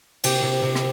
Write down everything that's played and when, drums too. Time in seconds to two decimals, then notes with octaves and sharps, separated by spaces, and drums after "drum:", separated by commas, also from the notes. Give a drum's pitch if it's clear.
0.24 C3 G4, drum: cymbal
0.42 C3
0.62 C3
0.75 drum: rim click